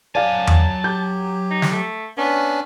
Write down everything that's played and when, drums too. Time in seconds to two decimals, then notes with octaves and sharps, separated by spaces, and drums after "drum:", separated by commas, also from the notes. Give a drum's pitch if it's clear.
0.15 F#3 D5 F5 G#5 A5
0.47 drum: tom E2
0.84 G4 G6
1.51 D#4
1.62 drum: snare
1.72 A3
2.17 B3 C#4 D4